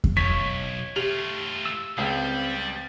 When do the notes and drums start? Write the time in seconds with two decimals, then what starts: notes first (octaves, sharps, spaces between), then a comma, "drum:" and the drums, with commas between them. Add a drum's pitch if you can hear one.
0.04 drum: kick F2
0.17 B1 C#5 B6
0.96 A3 F4 G4 F7
1.66 E6
1.98 C#2 G3 C4 F5